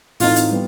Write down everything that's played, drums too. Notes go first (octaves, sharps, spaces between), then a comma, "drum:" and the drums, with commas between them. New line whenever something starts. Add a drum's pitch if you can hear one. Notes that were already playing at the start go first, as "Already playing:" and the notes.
A2 E3 A3 C4 D#4 F4, drum: open hi-hat
drum: hi-hat
G3 B3